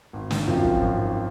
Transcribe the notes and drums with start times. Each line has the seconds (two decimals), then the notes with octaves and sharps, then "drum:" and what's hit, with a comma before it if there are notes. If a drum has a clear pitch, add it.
0.13 G#1
0.31 drum: snare
0.47 F#2 F3 C4 F4
0.64 drum: kick
0.81 G#1